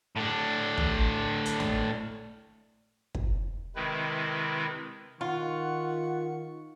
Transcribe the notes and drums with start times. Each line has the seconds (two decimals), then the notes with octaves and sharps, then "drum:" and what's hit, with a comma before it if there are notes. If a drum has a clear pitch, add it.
0.16 A2 D4
0.78 drum: tom
1.45 drum: hi-hat
1.60 drum: snare
3.15 drum: kick
3.76 C3 D#3 G#3 C4 E4 B4
5.21 D#3 F4 F#5 C#6